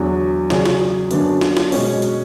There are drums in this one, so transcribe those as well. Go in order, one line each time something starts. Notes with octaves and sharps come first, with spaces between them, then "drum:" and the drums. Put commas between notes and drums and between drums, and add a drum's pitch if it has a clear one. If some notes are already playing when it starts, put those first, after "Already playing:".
Already playing: E2 D3 F#3
C#3 F#3 C#4 G#4 D5, drum: snare
drum: snare
F#2 D3 F#3 B3 D4, drum: hi-hat
drum: snare
drum: snare
B2 G#3 C#4, drum: open hi-hat
drum: hi-hat